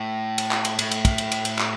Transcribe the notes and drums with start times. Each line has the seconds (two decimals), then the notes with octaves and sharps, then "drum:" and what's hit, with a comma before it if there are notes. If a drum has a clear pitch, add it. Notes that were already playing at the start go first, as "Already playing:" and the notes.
Already playing: A2
0.38 drum: cymbal
0.51 drum: clap
0.65 drum: cymbal
0.79 A2, drum: cymbal
0.91 drum: cymbal
1.05 drum: kick, cymbal
1.18 drum: cymbal
1.32 drum: cymbal
1.45 drum: cymbal
1.58 drum: clap